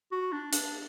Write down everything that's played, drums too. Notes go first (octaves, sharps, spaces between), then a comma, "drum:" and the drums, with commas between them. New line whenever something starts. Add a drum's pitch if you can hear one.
F#4
D4
D4, drum: hi-hat